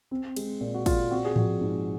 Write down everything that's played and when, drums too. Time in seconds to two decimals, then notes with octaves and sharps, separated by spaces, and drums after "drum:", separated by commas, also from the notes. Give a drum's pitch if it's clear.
0.11 C4
0.36 G#3, drum: cymbal
0.61 A#2
0.74 F#4
0.86 A#2 F4, drum: kick, cymbal
1.10 C4 F#4
1.25 G#4
1.36 F3 F#4, drum: tom A2
1.61 G#2